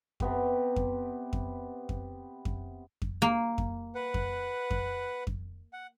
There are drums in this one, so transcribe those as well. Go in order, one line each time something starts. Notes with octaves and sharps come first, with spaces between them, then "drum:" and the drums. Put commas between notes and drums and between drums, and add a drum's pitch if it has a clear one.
C3 B3 G4, drum: kick F2
drum: kick F2
drum: kick F2
drum: kick F2
drum: kick F2
drum: kick F2
A#3
drum: kick F2
B4 F#5
drum: kick F2
drum: kick F2
drum: kick F2
F#5